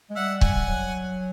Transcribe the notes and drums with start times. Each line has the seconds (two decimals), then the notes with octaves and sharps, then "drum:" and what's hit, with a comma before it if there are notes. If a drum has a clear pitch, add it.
0.10 G#3
0.16 G3 E5 F#5
0.41 F#5 G#5, drum: kick C#1
0.68 F#3